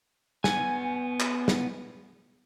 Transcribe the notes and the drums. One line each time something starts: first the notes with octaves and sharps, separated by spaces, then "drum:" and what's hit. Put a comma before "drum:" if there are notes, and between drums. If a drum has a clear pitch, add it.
B3 G#5, drum: snare
drum: clap
drum: snare